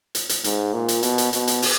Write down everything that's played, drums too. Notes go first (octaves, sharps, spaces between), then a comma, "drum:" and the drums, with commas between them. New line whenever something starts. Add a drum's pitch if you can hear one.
drum: hi-hat
drum: hi-hat
G#2, drum: hi-hat
A#2
drum: hi-hat
B2, drum: hi-hat
drum: hi-hat
B2, drum: hi-hat
drum: hi-hat
drum: open hi-hat